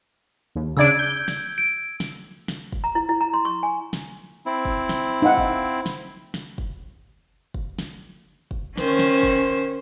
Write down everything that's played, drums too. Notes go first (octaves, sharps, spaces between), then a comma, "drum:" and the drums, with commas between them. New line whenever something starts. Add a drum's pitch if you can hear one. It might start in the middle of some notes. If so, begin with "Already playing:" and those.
D#2
C#3 D4 E6 G#6 D7
G6
drum: snare
D7
drum: snare
drum: snare
drum: kick
A#5
E4
E4
A#5
C6
C#6
G#5
drum: snare
C4 E4
drum: kick
drum: snare
D#4 F5 F#5
drum: kick
drum: snare
drum: snare
drum: kick
drum: kick
drum: snare
drum: kick
D#3 C#4 C5, drum: snare
drum: snare
drum: kick